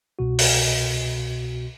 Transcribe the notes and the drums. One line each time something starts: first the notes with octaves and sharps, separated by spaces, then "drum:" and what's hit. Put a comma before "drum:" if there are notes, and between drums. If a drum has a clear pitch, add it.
C2 B2 F#4
drum: open hi-hat